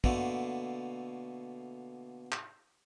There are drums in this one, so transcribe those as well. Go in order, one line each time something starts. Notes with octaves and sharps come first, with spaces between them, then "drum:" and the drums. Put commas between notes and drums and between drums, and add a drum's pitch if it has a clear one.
B2 D3 A3 A#3, drum: kick
drum: clap